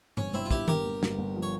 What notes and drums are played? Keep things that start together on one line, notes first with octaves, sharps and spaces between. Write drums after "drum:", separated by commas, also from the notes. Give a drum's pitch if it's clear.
G1 C#4, drum: tom G#2
G2 C4 E4
F4
G1 E4 G4, drum: kick
G1 G4 A#4, drum: tom D#3
G1
G1, drum: snare
G1
F3
C#5